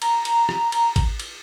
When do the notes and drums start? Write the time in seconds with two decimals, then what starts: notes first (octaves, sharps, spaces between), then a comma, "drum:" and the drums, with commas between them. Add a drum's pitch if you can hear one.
0.02 A#5, drum: cymbal
0.25 drum: cymbal
0.49 drum: rim click
0.72 drum: cymbal
0.96 drum: kick, cymbal
1.20 drum: cymbal